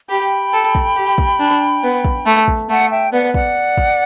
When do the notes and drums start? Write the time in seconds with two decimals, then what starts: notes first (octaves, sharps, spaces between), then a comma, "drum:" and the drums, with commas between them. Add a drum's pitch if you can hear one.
0.09 G4 G5 B5
0.53 A4
0.75 drum: kick
0.96 G4
1.18 drum: kick
1.40 D4
1.83 B3
2.05 drum: kick
2.26 A3
2.48 drum: kick
2.69 A3 F#5 A5
2.91 E5 G5
3.13 B3 D5 F#5
3.34 D5 F#5, drum: kick
3.77 drum: kick